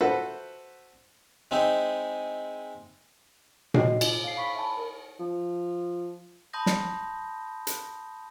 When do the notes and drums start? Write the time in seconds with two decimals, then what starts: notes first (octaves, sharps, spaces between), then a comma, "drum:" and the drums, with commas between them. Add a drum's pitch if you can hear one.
0.01 F#4 A4 B4 C5 E5 F#5
1.51 G#3 C4 D#4 E4
3.74 F#4 C#5 D#5 C7, drum: tom A#2
4.01 E4 F4, drum: cymbal
4.24 F5 C7
4.37 F5 B5 C#6 B6
4.55 E5 G#5 A5 B5
4.77 A#4
5.20 F3
6.53 A5 B5 C6 D#6 G6 A#6
6.66 drum: snare
7.67 drum: hi-hat